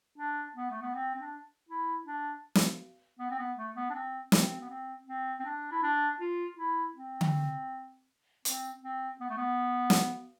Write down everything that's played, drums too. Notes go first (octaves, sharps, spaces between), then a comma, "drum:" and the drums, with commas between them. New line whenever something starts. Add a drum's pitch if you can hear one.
D4
B3
A3
B3
C4
C4
D4
E4
D4
drum: snare
B3
C4
B3
A3
B3
D4
C4
C4, drum: snare
B3
C4
C4
C4
D4
E4
D4
F4
E4
C4
drum: tom D3
C4, drum: hi-hat
C4
B3
A3
B3
drum: snare